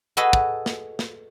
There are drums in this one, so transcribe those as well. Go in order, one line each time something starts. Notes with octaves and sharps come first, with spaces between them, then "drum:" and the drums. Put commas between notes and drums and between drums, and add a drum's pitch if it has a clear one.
F#4 G#4 A4 B4 D#5
drum: kick
drum: snare
drum: snare